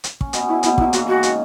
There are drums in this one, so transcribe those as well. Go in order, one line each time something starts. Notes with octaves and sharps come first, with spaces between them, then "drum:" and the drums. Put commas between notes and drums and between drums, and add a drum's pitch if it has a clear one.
drum: hi-hat
C#4, drum: kick
B2 B3 D#5, drum: hi-hat
C#3 C#4 E4
B2 B3 E4, drum: hi-hat
A#2 A#3 E4, drum: kick
G#2 G#3 F#4, drum: hi-hat
E3 F#4
D#3
C#3, drum: hi-hat